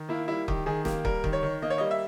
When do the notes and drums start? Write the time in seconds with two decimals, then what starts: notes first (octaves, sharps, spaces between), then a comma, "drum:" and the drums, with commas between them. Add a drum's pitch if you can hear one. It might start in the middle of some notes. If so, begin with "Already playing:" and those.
Already playing: D#3
0.09 A#3 E4
0.28 G3 E4
0.48 D#3 G4, drum: kick
0.66 D#3 G#4
0.85 A#3 G4, drum: snare
1.05 G3 A#4, drum: kick
1.24 D#3, drum: kick
1.33 C#5
1.43 D#3
1.62 A#3 D#5
1.70 C#5
1.78 G3 D#5
1.91 E5